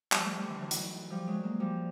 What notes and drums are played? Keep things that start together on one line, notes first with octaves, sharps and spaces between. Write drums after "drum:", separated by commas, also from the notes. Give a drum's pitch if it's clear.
F3 G3, drum: clap
G3 A3
G3 A3
D3 E3
E3 F#3
drum: hi-hat
F3 G3
F#3 G#3
G#3 A#3
F3 G3